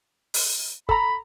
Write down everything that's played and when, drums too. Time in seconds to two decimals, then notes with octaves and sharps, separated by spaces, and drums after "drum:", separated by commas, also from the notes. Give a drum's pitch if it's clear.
0.34 drum: open hi-hat
0.89 A4 A#5 B5, drum: kick